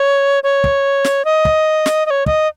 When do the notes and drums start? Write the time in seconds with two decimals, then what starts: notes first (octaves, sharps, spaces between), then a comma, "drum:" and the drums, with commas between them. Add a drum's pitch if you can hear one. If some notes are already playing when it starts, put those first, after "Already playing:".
Already playing: C#5
0.43 C#5
0.64 drum: kick
1.04 drum: snare
1.25 D#5
1.45 drum: kick
1.86 drum: snare
2.06 D#5
2.10 C#5
2.26 D#5, drum: kick